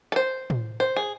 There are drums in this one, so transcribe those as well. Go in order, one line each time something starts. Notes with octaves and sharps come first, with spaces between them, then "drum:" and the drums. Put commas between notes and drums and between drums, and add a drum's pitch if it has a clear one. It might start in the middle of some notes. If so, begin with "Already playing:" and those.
A4
C5
drum: tom A2
C5
G#4